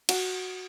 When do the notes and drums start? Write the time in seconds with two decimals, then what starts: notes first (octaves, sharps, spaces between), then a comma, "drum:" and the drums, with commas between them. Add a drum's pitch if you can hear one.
0.09 F#4, drum: cymbal